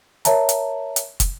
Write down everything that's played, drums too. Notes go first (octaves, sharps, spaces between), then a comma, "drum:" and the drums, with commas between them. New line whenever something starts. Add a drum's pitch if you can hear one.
A#4 C#5 E5 A5 A#5, drum: hi-hat
drum: hi-hat
drum: hi-hat
drum: kick, hi-hat